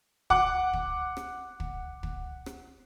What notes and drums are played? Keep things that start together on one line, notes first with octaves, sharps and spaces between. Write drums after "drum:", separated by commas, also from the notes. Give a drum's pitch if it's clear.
F#5 D6, drum: kick
drum: kick
drum: rim click
drum: kick
drum: kick
drum: rim click